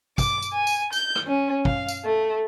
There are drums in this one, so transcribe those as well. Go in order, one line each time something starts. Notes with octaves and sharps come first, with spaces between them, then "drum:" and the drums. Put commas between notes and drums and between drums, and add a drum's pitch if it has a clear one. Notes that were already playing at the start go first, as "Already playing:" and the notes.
D6, drum: kick, tambourine
drum: tambourine
G#5
drum: tambourine
G6, drum: tambourine
drum: rim click
C#4
F5, drum: kick
drum: tambourine
A3